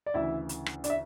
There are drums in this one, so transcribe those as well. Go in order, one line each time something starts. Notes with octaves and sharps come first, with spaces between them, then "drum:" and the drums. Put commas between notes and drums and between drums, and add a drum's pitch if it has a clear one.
D5
D2 C#3 E3 E4 E5
drum: hi-hat
drum: rim click
D4 D5, drum: hi-hat
E5